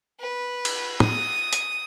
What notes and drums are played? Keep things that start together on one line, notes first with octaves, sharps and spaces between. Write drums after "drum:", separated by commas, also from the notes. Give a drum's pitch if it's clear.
B4
drum: cymbal
D#6, drum: tom
drum: hi-hat